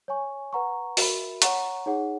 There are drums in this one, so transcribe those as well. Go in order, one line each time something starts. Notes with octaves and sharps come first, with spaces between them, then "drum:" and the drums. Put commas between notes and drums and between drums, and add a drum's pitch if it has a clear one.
C#5 G#5 C#6
B4 F#5 A#5 C#6
F#4 A#4 E5 B5, drum: open hi-hat
C#5 F#5 A#5 C#6, drum: hi-hat
D#4 G#4 C#5 F#5